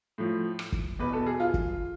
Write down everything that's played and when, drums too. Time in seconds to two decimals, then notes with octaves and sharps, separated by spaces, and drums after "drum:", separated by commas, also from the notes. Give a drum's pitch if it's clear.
0.18 A2 F3
0.59 drum: rim click
0.72 drum: kick
0.99 E2 B2 B4
1.13 A4
1.26 G#4
1.40 F4
1.54 drum: kick